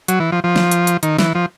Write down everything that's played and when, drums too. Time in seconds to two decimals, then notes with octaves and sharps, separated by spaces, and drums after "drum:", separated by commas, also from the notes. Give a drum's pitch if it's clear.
0.08 F#3, drum: hi-hat
0.20 E3
0.32 F3
0.44 F3
0.56 drum: snare
0.71 drum: hi-hat
0.87 drum: hi-hat
1.03 D#3, drum: hi-hat
1.19 E3, drum: snare
1.35 F3